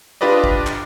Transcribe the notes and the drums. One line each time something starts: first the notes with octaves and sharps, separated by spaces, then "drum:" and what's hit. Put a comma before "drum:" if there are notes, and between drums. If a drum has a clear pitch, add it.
D4 F4 G4 B4 D5 D#5
drum: kick
drum: clap